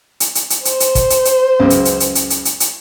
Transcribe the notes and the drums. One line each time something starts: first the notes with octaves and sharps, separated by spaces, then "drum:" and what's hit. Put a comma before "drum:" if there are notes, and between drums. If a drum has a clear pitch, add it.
drum: hi-hat
drum: hi-hat
drum: hi-hat
C5, drum: hi-hat
drum: hi-hat
drum: kick, hi-hat
drum: hi-hat
drum: hi-hat
C#2 F#2 C#3
drum: hi-hat
drum: hi-hat
drum: hi-hat
drum: hi-hat
drum: hi-hat
drum: hi-hat
drum: hi-hat